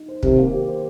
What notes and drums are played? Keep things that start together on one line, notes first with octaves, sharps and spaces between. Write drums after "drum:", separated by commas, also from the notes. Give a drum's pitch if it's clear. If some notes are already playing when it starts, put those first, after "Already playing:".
Already playing: D#4
C5
C3 D#3, drum: kick
A#3
G4
C5